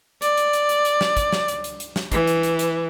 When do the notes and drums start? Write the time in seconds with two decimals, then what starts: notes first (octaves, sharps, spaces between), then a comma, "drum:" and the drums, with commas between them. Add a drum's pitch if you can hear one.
0.22 D5, drum: hi-hat
0.37 drum: hi-hat
0.53 drum: hi-hat
0.69 drum: hi-hat
0.85 drum: hi-hat
1.01 drum: snare
1.17 drum: kick, hi-hat
1.32 drum: snare
1.48 drum: hi-hat
1.64 drum: hi-hat
1.80 drum: hi-hat
1.96 drum: snare
2.12 E3, drum: kick, hi-hat
2.27 drum: hi-hat
2.43 drum: hi-hat
2.59 drum: hi-hat